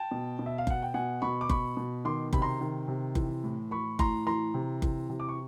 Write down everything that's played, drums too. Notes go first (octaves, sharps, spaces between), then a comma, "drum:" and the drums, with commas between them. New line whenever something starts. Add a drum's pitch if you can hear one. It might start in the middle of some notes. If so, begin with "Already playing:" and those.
Already playing: G5 A5
B2
B2
E5
F5
B2 F#5, drum: kick F#1
G5
B2 F#5 G#5
B2 B5 C#6
D6
B2 B5 C#6, drum: kick F#1
B2
D#3 C6 D6
C3 B5, drum: kick F#1
A#5 C6
D#3
C3
E3, drum: kick F#1
A2
E3 B5 C#6
A2 A#5 C6, drum: kick F#1
E3 A#5 C6
C3
E3, drum: kick F#1
C3
D6
C#6